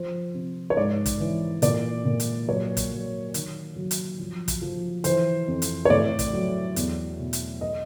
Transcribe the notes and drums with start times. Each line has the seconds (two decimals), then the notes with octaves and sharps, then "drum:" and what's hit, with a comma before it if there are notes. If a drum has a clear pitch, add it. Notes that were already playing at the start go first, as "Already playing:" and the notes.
Already playing: F3 C5
0.34 C3
0.70 C#5
0.77 G#2 D5
1.06 drum: kick, hi-hat
1.20 E3
1.62 A#2 D5, drum: hi-hat
2.05 A#2
2.20 drum: hi-hat
2.48 F#3 C#5
2.77 drum: kick, hi-hat
2.91 F#3
3.34 D#3, drum: hi-hat
3.76 F#3
3.91 drum: hi-hat
4.19 F3
4.48 drum: kick, hi-hat
4.62 F3
5.04 E3 C5, drum: hi-hat
5.48 F2
5.62 drum: hi-hat
5.85 C#5
5.90 A2 D5
6.19 drum: kick, hi-hat
6.33 F#3
6.76 E2, drum: hi-hat
7.19 B2
7.33 drum: hi-hat
7.61 D#5